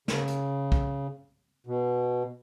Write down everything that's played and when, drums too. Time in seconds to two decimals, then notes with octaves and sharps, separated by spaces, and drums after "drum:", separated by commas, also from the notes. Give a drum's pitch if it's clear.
0.08 C#3, drum: snare
0.28 drum: hi-hat
0.72 drum: kick
1.67 B2